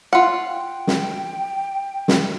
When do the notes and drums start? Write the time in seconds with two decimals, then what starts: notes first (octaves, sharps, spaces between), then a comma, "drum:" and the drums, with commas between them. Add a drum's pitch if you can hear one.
0.13 F4 F#5
0.47 G5
0.87 drum: snare
2.08 drum: snare